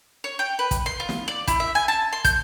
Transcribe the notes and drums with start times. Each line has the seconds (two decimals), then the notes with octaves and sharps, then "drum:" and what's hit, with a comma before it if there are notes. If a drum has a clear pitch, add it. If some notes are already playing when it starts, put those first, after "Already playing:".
0.24 C#5
0.39 G5
0.59 B4
0.71 drum: kick, hi-hat
0.86 C6
1.00 F4
1.09 drum: snare
1.28 D5
1.48 E4, drum: kick, hi-hat
1.60 E5
1.75 G#5
1.88 A5
2.13 C6
2.24 G6, drum: kick, hi-hat